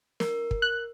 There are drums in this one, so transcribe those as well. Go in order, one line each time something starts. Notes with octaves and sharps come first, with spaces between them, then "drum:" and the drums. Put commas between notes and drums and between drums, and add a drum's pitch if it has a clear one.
A#4, drum: snare
drum: kick
F#6